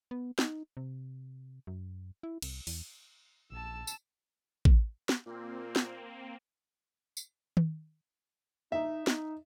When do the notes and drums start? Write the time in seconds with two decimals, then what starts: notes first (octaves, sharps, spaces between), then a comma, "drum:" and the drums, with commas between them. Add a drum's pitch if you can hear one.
0.11 B3
0.39 D#4, drum: snare
0.77 C3
1.67 F#2
2.23 E4
2.42 C2, drum: cymbal
2.67 E2, drum: open hi-hat
3.52 A#1 A5 E6
3.87 drum: tambourine
4.65 drum: kick
5.09 drum: snare
5.26 A#2 A#3 C4
5.76 drum: snare
7.17 drum: tambourine
7.57 drum: tom D#3
8.72 D#4 E5
9.07 D#4, drum: snare